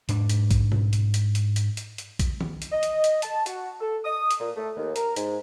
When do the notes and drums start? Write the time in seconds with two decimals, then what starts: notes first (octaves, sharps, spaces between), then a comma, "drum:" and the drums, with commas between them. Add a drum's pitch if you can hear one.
0.09 G#2 D4, drum: hi-hat
0.29 drum: hi-hat
0.51 drum: kick A#1, hi-hat
0.72 drum: tom B2
0.93 drum: hi-hat
1.14 drum: hi-hat
1.35 drum: hi-hat
1.56 drum: hi-hat
1.77 drum: hi-hat
1.98 drum: hi-hat
2.19 drum: kick A#1, hi-hat
2.41 drum: tom D#3
2.62 drum: hi-hat
2.72 D#5
2.83 drum: hi-hat
3.04 drum: hi-hat
3.22 A5, drum: hi-hat
3.46 F#4, drum: hi-hat
3.81 A4
4.05 D#6
4.31 drum: hi-hat
4.40 A#2
4.56 A3
4.77 D#2
4.96 A#4, drum: hi-hat
5.16 G#2, drum: hi-hat